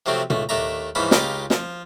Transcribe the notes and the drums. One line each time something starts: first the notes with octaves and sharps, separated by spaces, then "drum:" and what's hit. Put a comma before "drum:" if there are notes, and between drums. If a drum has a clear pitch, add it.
C3 F3 F#3 A3 C4
C#2 A3, drum: tom
D#2 A3 D4 E5 A#5
G#2 E3 F3 C#4 B5
C#2 D#4 F4 G4 B5 D6, drum: snare
F3, drum: snare